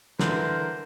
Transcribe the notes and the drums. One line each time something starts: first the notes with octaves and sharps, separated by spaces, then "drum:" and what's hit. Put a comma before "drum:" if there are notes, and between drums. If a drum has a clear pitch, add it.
D3 E3 A#4 C5, drum: snare